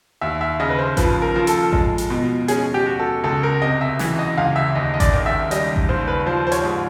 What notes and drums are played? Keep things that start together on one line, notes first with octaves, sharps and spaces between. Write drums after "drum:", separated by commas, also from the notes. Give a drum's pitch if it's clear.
D#2 E5
E5
C#3 D#5
B4
C5
F3 B4, drum: kick A1, hi-hat
A#4
F3
A4, drum: hi-hat
G#3, drum: kick A1
drum: hi-hat
B2
C#4 G#4, drum: hi-hat
G4
F#4
A4
C#2 A4
A#4
C3 D#5
E5
E3 E5, drum: snare
D#5
C#2 F5
E5
D#2 D#5
D#5
D5, drum: kick A1, hi-hat
D#3
E5
G3 D#5, drum: hi-hat
drum: kick A1
D#2 C5
B4
F3 C5
C5
C#5, drum: hi-hat
G#2